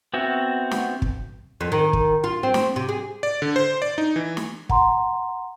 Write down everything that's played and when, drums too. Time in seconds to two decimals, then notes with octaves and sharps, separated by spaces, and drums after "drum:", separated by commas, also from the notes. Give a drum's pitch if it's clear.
0.14 B3 C4 F#4 E5
0.71 drum: snare
1.02 drum: kick
1.61 F2
1.72 D#3
1.93 drum: kick
2.24 F4
2.43 C4
2.54 drum: snare
2.76 C3
2.89 G#4
3.23 D5
3.42 D3
3.56 C5
3.82 D5
3.98 D#4
4.16 E3
4.37 drum: snare
4.69 F#5 A#5 C6, drum: kick